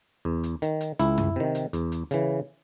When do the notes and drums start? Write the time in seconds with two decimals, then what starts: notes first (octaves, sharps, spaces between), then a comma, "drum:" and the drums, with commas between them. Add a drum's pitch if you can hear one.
0.25 E2
0.44 drum: hi-hat
0.62 D#3, drum: hi-hat
0.81 drum: hi-hat
0.99 C#2 E4, drum: hi-hat
1.18 drum: tom F#2
1.36 C3 D#3
1.55 drum: hi-hat
1.73 E2, drum: hi-hat
1.92 drum: hi-hat
2.11 C#3 E3, drum: hi-hat